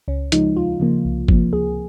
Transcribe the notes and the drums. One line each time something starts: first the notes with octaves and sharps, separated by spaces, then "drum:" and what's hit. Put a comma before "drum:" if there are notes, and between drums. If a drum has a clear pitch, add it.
C#2 C#4
C#3 F3 G#3 D#4, drum: hi-hat
D#2 F4
C#3 F3 A#3
C2
C3 F3 A#3, drum: kick
C#2 G#4